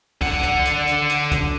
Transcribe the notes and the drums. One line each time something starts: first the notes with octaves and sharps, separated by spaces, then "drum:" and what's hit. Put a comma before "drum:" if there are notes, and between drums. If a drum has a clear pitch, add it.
D3 F#5, drum: kick, open hi-hat
drum: kick, hi-hat
drum: hi-hat
drum: hi-hat
drum: hi-hat
drum: kick, hi-hat